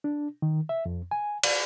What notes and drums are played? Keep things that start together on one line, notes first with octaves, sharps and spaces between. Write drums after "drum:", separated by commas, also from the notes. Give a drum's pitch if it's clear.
D4
D#3
E5
F2
G#5
D5, drum: cymbal